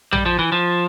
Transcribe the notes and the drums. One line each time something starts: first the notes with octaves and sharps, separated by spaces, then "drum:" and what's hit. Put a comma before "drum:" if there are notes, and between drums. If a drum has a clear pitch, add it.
G3, drum: tom
F3
E3
F3